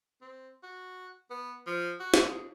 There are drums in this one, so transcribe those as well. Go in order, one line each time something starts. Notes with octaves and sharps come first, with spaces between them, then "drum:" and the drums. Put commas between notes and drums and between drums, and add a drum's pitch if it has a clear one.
C4
F#4
B3
F3
F#4
drum: snare
G#4